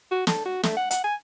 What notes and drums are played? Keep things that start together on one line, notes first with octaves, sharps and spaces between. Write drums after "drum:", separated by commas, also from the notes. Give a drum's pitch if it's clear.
F#4
A4, drum: snare
F#4
A3, drum: snare
F#5
F#5, drum: hi-hat
G#5